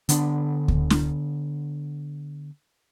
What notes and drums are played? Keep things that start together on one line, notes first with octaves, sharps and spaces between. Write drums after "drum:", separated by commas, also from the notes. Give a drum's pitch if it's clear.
D3 B3 D4, drum: hi-hat
drum: kick D2
drum: snare